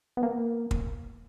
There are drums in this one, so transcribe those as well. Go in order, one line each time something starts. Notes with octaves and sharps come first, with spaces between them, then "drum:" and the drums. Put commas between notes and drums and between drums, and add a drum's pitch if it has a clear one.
B3
A#3
drum: kick